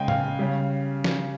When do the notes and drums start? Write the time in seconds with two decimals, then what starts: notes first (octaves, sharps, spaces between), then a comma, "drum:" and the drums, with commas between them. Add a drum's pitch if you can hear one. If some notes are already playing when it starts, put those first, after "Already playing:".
Already playing: C#3 G#3 G5 G#5
0.08 F5, drum: tom A2
0.39 C#3 G3
1.04 drum: snare